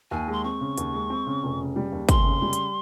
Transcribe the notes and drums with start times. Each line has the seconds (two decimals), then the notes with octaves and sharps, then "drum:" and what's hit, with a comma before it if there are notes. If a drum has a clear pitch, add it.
0.11 D#2 G#5
0.28 G#3 C6
0.44 C4 C#6
0.61 C#3
0.77 D#2, drum: hi-hat
0.94 G#3
1.10 C4
1.26 C#3
1.44 F1
1.59 C#3
1.76 G3
1.92 D#2
2.09 F1 C6, drum: kick, hi-hat
2.25 C#3
2.42 G3
2.53 drum: hi-hat